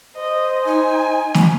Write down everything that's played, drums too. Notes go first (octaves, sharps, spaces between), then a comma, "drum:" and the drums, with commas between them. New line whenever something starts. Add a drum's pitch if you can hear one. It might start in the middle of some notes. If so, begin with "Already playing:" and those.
C5 D#5
D#4 G#5
drum: snare